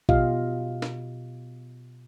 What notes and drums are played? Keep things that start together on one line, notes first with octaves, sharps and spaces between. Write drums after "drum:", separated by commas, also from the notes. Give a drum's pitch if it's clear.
B2 F4 G4 D#5 F5, drum: kick A1
drum: snare